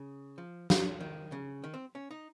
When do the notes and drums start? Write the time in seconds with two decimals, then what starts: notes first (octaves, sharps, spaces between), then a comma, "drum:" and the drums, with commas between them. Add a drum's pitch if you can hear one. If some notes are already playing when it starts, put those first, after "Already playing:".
Already playing: C#3
0.38 F3
0.70 F3, drum: snare
1.00 D#3
1.32 C#3
1.64 D#3
1.74 C4
1.95 C#4
2.11 D#4